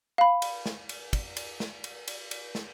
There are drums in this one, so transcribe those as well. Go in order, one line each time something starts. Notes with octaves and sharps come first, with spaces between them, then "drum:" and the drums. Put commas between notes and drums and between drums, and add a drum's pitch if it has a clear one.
F5 B5
drum: cymbal
drum: snare
drum: cymbal
drum: kick, cymbal
drum: cymbal
drum: snare
drum: cymbal
drum: cymbal
drum: cymbal
drum: snare